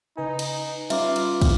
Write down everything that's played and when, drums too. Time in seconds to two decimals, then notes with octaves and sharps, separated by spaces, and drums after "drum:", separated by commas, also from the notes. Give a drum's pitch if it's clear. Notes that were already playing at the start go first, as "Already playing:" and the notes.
0.17 C#3 D#4 B4 G#5
0.39 drum: cymbal
0.90 G3 C#4 F4 B4 E5 F5 A#5 D6, drum: cymbal
1.16 drum: cymbal
1.41 drum: kick, cymbal